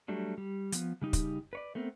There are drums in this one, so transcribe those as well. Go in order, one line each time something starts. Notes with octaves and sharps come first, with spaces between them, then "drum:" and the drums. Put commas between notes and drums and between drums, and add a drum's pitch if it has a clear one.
F#3 G3 A3 D4
G3
F3 B3, drum: hi-hat
C#3 G3 D#4 G4
drum: kick, hi-hat
B4 C#5 D5
A3 B3 C4 A#4